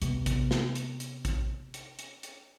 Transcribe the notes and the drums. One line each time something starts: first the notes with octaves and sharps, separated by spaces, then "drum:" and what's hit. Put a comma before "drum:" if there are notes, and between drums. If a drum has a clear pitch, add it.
C3 B3, drum: hi-hat
drum: kick, hi-hat
drum: snare
drum: hi-hat
drum: hi-hat
drum: kick, hi-hat
drum: hi-hat
drum: hi-hat
drum: hi-hat